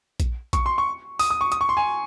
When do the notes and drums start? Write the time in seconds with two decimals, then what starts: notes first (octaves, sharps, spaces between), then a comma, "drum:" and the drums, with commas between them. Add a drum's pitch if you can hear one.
0.20 drum: kick A#1, hi-hat
0.53 C#6, drum: kick A#1, hi-hat
0.66 C6
0.78 C#6
1.19 D#6, drum: open hi-hat
1.30 D#6
1.41 C#6
1.52 D#6, drum: hi-hat
1.61 C#6
1.69 C6
1.77 G#5